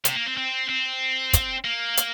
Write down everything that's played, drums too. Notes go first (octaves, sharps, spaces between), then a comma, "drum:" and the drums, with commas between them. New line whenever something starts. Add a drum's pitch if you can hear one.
C3, drum: hi-hat
A#3
C4
C4
C4
drum: kick, hi-hat
A#3
drum: hi-hat